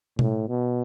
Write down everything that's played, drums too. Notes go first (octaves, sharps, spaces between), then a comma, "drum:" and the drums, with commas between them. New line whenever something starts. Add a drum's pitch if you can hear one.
A2, drum: tom B2
B2